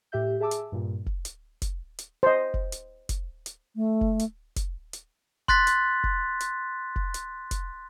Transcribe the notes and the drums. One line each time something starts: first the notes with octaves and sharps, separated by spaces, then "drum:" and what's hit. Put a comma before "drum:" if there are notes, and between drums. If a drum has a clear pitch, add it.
A2 G4 E5 G6
G#4 E5 A5 D6 E6
drum: hi-hat
G2 A#2
drum: kick
drum: hi-hat
drum: kick, hi-hat
drum: hi-hat
C5 D#5
drum: kick
drum: hi-hat
drum: kick, hi-hat
drum: hi-hat
A3
drum: kick
drum: hi-hat
drum: kick, hi-hat
drum: hi-hat
C6 F#6 A6 B6, drum: kick
drum: hi-hat
drum: kick
drum: hi-hat
drum: kick
drum: hi-hat
drum: kick, hi-hat